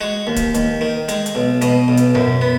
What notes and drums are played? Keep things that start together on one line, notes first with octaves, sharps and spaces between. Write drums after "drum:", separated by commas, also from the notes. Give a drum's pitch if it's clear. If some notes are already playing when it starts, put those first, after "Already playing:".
G#3 F#4
D#2
drum: kick, hi-hat
D#2, drum: hi-hat
D#3
G#3, drum: hi-hat
drum: hi-hat
B1
B2 D#5, drum: hi-hat
B1
drum: hi-hat
F#2, drum: tom B2
B3